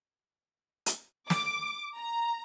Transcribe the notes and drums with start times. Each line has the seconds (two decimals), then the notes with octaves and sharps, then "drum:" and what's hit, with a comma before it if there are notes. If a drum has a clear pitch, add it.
0.86 drum: hi-hat
1.30 D6, drum: snare
1.95 A#5